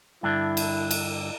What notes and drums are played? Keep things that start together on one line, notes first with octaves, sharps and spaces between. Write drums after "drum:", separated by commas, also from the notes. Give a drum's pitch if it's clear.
G2 D3 D4 E4
drum: cymbal
drum: cymbal